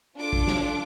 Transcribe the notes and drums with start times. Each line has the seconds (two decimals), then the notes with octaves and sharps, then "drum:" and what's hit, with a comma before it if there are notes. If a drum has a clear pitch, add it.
0.18 D4 F4 A4 D6
0.33 drum: kick A1
0.47 drum: snare